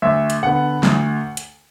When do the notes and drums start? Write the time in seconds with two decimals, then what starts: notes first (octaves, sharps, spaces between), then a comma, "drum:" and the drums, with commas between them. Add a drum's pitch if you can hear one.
0.02 D2 E5
0.30 drum: hi-hat
0.43 D3 B3 F#5
0.83 D2, drum: snare
1.37 drum: hi-hat